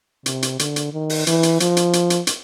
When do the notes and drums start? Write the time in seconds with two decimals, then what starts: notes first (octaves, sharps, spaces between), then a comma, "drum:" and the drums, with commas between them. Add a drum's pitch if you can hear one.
0.26 C3, drum: hi-hat
0.42 drum: hi-hat
0.59 D3, drum: hi-hat
0.76 drum: hi-hat
0.93 D#3
1.10 drum: open hi-hat
1.27 E3, drum: hi-hat
1.43 drum: hi-hat
1.60 F3, drum: hi-hat
1.77 drum: hi-hat
1.93 drum: hi-hat
2.10 drum: hi-hat
2.27 drum: hi-hat